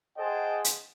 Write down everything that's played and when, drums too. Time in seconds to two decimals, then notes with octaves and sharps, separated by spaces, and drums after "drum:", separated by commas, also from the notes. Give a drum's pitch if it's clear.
0.18 G#4 C5 D#5 F#5 G5 A5
0.64 drum: hi-hat